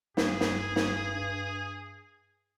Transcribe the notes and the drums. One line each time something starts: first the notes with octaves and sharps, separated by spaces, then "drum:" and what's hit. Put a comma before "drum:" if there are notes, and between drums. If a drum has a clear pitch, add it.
G2 G#4, drum: snare
drum: snare
drum: snare